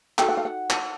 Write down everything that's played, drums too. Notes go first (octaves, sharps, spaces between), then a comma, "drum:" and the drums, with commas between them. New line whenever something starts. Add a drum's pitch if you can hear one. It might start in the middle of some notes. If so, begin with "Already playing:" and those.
D#4 F#4 A4 G5, drum: clap
F#5
F5
F#5
drum: clap